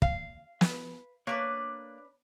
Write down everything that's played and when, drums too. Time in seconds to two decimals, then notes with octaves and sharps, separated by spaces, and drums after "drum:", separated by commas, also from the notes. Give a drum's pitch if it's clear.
0.02 F5, drum: kick
0.61 B4, drum: snare
1.27 A#3 D4 B4 C#5 D5